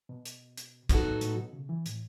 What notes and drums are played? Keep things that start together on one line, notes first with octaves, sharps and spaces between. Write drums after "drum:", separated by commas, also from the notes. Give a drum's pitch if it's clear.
B2
drum: hi-hat
drum: hi-hat
F#3 B3 D#4 F#4 A4, drum: kick, hi-hat
A2
A2, drum: hi-hat
B2
C#3
E3
A2, drum: hi-hat